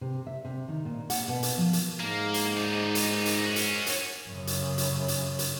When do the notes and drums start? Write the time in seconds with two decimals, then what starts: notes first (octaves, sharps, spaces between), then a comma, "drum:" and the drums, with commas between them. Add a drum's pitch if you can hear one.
0.01 C3
0.27 E5
0.45 C3
0.68 D#3
0.85 A#2
1.10 F#5, drum: hi-hat
1.28 B2
1.43 drum: hi-hat
1.58 F3
1.73 drum: hi-hat
2.00 G#2 A#3
2.34 drum: hi-hat
2.57 D#4 D5
2.95 drum: hi-hat
3.25 drum: hi-hat
3.46 C#4 F#4
3.56 drum: hi-hat
3.86 drum: hi-hat
4.29 F#2 C#3
4.47 drum: hi-hat
4.78 drum: hi-hat
5.08 drum: hi-hat
5.39 drum: hi-hat